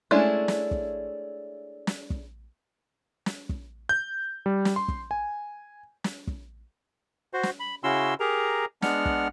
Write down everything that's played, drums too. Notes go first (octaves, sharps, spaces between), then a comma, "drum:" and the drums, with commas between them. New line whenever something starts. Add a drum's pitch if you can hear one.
G#3 A3 C#4 D4 E4
drum: snare
drum: kick
drum: snare
drum: kick
drum: snare
drum: kick
G6
G3
drum: snare
C6
drum: kick
G#5
drum: snare
drum: kick
F#4 C5
drum: snare
B5
C#3 C#4 E4 F#4 C6 E6
G4 G#4 A#4 A#5
G#3 B3 D4 F#5 F6, drum: snare
drum: kick